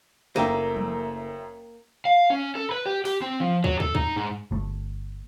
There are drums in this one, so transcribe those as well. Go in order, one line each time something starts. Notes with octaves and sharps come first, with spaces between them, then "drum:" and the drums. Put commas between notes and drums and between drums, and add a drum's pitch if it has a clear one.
F#1 F#2 A3 A#3 E5 G5 D#7, drum: snare
drum: tom F3
F5
C#4
A4
B4
G4
G4, drum: open hi-hat
C4
F3
F#3, drum: kick
A4, drum: kick
D#4, drum: kick
G#2
G1 A3